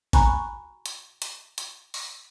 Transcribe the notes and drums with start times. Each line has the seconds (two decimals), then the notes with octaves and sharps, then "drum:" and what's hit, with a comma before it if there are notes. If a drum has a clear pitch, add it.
0.13 G#5 A#5 B5 C#6 F#6, drum: kick, hi-hat
0.86 drum: hi-hat
1.22 drum: hi-hat
1.58 drum: hi-hat
1.94 drum: open hi-hat